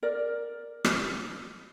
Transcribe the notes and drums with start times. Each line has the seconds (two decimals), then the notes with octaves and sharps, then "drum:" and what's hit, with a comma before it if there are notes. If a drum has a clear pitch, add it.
0.03 A#4 D5
0.85 drum: rim click